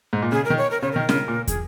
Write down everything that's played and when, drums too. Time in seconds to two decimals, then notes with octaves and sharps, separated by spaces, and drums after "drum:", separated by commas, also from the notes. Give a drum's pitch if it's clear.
0.13 G#2
0.22 A#2
0.32 C#3 G#4
0.44 A#4
0.50 D#3
0.58 C#5
0.71 A#4
0.81 C#3 C#5
0.92 D#3 A#4
1.09 C#3, drum: snare
1.28 A#2
1.48 G#4, drum: kick, hi-hat